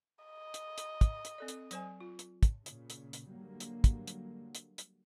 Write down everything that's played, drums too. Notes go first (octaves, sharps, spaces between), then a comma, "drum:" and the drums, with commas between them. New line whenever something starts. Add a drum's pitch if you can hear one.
D#5
drum: hi-hat
drum: hi-hat
drum: kick, hi-hat
drum: hi-hat
C4 A4 D5
drum: hi-hat
F#3 C5 G#5, drum: hi-hat
F4
drum: hi-hat
drum: kick, hi-hat
A#2 C#3, drum: hi-hat
drum: hi-hat
drum: hi-hat
D3 F#3 G3 A#3
drum: hi-hat
drum: kick, hi-hat
drum: hi-hat
drum: hi-hat
drum: hi-hat